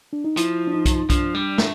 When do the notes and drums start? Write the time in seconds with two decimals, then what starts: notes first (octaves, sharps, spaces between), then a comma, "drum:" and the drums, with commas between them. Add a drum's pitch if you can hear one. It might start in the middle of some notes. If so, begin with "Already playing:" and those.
0.13 D4
0.24 D#4
0.37 F3 E4, drum: hi-hat
0.67 D4
0.74 D#4
0.85 drum: kick B1, hi-hat
1.10 F3 D4, drum: kick B1, hi-hat
1.35 G3
1.58 A3, drum: snare